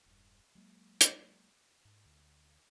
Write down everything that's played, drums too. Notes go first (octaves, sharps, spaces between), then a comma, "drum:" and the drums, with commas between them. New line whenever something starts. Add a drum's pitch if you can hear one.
E1 G2
F#3 G#3 A#3
drum: hi-hat
G#2
D2